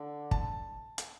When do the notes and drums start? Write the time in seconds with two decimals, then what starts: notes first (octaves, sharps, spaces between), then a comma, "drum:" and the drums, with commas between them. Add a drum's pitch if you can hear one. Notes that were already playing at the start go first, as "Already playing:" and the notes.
Already playing: D3
0.31 A5, drum: kick
0.98 drum: hi-hat